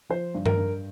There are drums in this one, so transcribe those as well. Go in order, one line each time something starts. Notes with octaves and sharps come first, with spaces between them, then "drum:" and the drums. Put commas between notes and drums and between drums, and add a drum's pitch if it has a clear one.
F3 C5
G2
A#4, drum: tom G2
G2